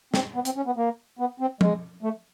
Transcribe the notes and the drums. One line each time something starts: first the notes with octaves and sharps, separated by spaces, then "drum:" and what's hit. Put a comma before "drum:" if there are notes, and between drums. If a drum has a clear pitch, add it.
C4, drum: snare
B3
C4, drum: hi-hat
C#4
B3
A#3
B3
C4
G#3, drum: tom F3
A3